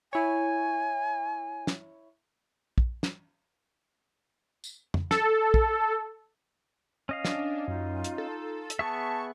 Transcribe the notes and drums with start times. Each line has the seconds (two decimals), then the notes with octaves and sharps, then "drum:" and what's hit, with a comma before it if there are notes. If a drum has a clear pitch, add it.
0.13 E4 C#5 G#5
1.67 drum: snare
2.78 drum: kick
3.03 drum: snare
4.64 drum: tambourine
4.94 drum: tom
5.11 A4, drum: snare
5.54 drum: kick
7.09 C#4 D#5 F5
7.25 D4, drum: snare
7.67 F#2 D#4 F4
8.04 drum: hi-hat
8.18 A4
8.70 drum: hi-hat
8.79 B3 G#4 E5 A5 C#6